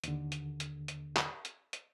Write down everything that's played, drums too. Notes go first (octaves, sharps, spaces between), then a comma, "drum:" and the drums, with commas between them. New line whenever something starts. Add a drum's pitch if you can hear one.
D#2 D3, drum: hi-hat
drum: hi-hat
drum: hi-hat
drum: hi-hat
drum: clap
drum: hi-hat
drum: hi-hat